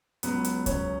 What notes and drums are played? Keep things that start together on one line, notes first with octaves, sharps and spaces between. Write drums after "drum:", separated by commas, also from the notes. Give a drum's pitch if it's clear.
C#2 C#3 F#3 B3, drum: hi-hat
drum: hi-hat
C#4, drum: kick C#2, hi-hat